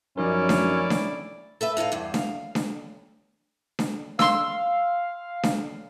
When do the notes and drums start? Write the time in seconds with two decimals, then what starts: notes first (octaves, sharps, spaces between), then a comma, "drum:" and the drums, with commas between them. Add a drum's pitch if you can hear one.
0.18 F#2 F3 C#4 D#4 E4 A#4 D5
0.49 drum: snare D4
0.90 drum: snare D4
1.61 A4 B4 E5
1.77 A2 D#4 A4 F5
1.92 E2 G2
2.14 F5, drum: snare D4
2.55 drum: snare D4
3.79 drum: snare D4
4.19 F5 C6 E6, drum: snare D4
5.43 drum: snare D4